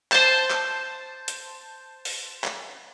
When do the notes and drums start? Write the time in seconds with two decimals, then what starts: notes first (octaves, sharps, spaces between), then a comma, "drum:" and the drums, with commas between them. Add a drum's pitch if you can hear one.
0.12 C5 A5 G6, drum: clap
0.51 drum: clap
1.28 drum: hi-hat
2.05 drum: open hi-hat
2.44 drum: clap